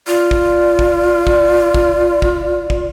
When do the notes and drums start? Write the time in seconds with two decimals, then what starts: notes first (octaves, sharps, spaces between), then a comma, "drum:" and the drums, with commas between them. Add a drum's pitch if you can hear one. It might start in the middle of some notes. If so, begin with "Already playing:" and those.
0.07 F4 D5
0.31 drum: kick
0.79 drum: kick
1.27 drum: kick
1.74 drum: kick
2.22 drum: kick
2.70 drum: kick